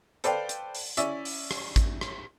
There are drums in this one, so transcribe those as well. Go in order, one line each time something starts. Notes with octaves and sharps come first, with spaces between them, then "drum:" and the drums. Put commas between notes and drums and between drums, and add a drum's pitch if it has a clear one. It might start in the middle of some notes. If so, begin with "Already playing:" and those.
A4 B4 C5 D5 F5 G5, drum: hi-hat
drum: hi-hat
drum: open hi-hat
C#4 E4 D5 E5, drum: hi-hat
drum: open hi-hat
drum: rim click
drum: kick, hi-hat
drum: rim click